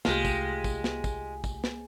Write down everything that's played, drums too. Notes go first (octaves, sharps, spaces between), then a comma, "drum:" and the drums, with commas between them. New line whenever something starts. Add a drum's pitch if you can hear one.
C2 G#3 A3 F4 G4, drum: snare
drum: kick, tambourine
drum: kick, tambourine
drum: snare
drum: kick, tambourine
drum: kick, tambourine
drum: snare